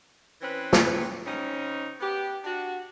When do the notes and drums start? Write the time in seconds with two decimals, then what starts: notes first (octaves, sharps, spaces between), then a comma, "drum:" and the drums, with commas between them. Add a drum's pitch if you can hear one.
0.41 E3 C4 C#4 B4
0.73 drum: snare
1.26 C#3 C4 C#4 D#4
2.00 B3 G4
2.44 D4 F#4